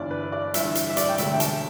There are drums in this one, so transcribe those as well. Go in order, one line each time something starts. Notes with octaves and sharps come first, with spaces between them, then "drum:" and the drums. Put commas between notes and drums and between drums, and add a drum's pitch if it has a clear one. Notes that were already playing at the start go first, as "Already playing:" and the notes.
Already playing: G1 G2 E3 D5
B4
D5
G1 G2 E3 E5, drum: hi-hat
drum: hi-hat
E5
D5, drum: hi-hat
G5
E1 D2 D3 E5, drum: hi-hat
G5
A5, drum: hi-hat